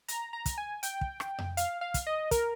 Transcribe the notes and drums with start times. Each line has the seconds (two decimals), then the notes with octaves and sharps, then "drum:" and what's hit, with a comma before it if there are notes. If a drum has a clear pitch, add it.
0.08 A#5, drum: hi-hat
0.33 A#5
0.46 drum: kick, hi-hat
0.58 G#5
0.83 G5, drum: hi-hat
1.01 drum: kick
1.20 drum: rim click
1.38 drum: tom F2
1.57 F5, drum: hi-hat
1.81 F5
1.94 drum: kick, hi-hat
2.07 D#5
2.31 A#4, drum: kick, hi-hat